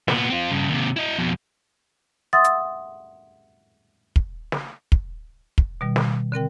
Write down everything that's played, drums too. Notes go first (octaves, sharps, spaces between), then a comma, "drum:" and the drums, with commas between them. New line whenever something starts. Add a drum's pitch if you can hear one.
A#2 B3, drum: snare
C4 F4
G2 C#3
D#2 C3
E4 D#5
F2 B2
E5 F#5 C6 D#6 E6 A6
drum: hi-hat
drum: kick
drum: snare
drum: kick
drum: kick
B2 D#3 G3
drum: snare
D3 C4 A#4 G5